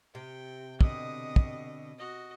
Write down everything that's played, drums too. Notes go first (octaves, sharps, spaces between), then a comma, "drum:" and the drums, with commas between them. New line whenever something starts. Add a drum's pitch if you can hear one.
C3 G5
B2 D3 D#5 D#6, drum: kick
drum: kick
F#4 D#5